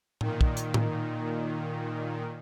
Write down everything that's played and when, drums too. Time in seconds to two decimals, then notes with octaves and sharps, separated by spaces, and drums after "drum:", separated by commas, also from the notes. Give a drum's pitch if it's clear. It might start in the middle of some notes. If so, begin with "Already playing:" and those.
0.21 A#2 D#3, drum: tom A2
0.41 drum: kick
0.57 drum: hi-hat
0.74 drum: tom A2